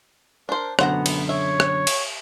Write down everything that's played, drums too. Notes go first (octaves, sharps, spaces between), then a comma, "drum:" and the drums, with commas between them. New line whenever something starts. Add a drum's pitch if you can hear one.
D4 A#4 C5
F#2 B2 D3 B3 C5 F#5 A#5, drum: rim click
drum: cymbal
C#5 E5
drum: rim click
drum: cymbal